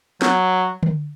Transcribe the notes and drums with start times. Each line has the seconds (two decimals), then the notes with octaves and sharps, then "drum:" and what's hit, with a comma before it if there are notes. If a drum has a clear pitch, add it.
0.22 F#3, drum: snare
0.83 drum: tom D3